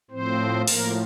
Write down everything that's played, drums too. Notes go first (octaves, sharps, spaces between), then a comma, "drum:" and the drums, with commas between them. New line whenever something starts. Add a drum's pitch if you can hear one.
A2 F3 C4 C5
A2 F3 A#3 A#4, drum: open hi-hat